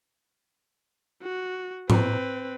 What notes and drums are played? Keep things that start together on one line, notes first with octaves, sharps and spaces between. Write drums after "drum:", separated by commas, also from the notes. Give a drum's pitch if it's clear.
F#4
C4 B4, drum: tom G#2